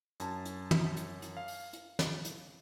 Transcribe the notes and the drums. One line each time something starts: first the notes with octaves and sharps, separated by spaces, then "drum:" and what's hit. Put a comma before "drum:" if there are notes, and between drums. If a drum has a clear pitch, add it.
F#2 A5, drum: hi-hat
drum: hi-hat
drum: tom
drum: hi-hat
drum: hi-hat
F5
drum: open hi-hat
drum: hi-hat
drum: snare
drum: hi-hat